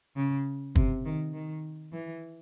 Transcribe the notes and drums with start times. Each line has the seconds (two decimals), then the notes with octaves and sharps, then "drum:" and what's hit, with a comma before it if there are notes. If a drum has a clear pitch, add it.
0.16 C#3
0.76 C3, drum: kick
1.05 D#3
1.34 D#3
1.93 E3